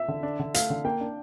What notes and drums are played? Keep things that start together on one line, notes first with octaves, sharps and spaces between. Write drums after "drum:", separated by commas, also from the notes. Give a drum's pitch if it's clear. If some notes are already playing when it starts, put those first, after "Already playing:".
Already playing: E5
D3
D4
D3
A3 F5, drum: hi-hat
D3
A#3 G5
D4